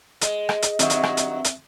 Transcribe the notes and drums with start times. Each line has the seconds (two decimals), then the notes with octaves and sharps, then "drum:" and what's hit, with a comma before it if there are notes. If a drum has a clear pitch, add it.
0.21 G#3 D#5, drum: hi-hat
0.49 drum: rim click
0.62 drum: hi-hat
0.79 G2 D#3 F#3 C4 E5, drum: hi-hat
0.90 drum: hi-hat
1.03 drum: rim click
1.17 drum: hi-hat
1.44 drum: hi-hat